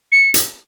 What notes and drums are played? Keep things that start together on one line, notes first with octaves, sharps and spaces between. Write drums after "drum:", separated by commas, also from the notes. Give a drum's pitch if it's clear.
C#7
drum: hi-hat